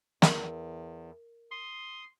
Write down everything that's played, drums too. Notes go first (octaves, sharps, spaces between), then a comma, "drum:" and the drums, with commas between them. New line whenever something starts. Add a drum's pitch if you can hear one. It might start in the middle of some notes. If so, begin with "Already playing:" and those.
E2 A#4, drum: snare
C6 D#6